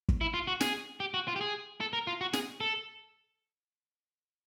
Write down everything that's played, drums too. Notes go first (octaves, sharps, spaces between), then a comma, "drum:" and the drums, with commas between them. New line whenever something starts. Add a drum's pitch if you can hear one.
drum: kick
E4
F4
F#4
G#4, drum: snare
G4
F#4
F4
G4
G#4
A4
A#4
F4
F#4
G#4, drum: snare
A4